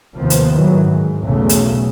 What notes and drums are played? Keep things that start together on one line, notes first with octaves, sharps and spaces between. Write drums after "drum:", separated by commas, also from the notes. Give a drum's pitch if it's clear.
D#2 C3 D#3 F3 B3
drum: hi-hat
G#2 D#3 E3 F#3
G#2
B1 E2 C#3 F#3 A3
drum: hi-hat